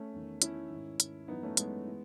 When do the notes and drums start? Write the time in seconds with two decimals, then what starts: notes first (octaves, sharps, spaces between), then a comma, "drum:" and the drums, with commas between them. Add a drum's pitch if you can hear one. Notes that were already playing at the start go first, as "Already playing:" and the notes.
Already playing: A3 C#4
0.13 E2 D#3
0.42 C#4 E4, drum: hi-hat
0.70 G#2 D#3
1.00 drum: hi-hat
1.28 F#2 E3 B3 D#4
1.43 A3 C#4
1.57 G#3 B3, drum: hi-hat
1.87 E3